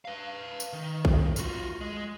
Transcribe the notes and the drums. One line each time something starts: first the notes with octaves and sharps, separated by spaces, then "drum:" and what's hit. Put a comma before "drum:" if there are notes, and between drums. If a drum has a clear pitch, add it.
B4 F5
drum: tambourine
D#3
drum: kick A#1
F4 F#4, drum: tambourine
G#3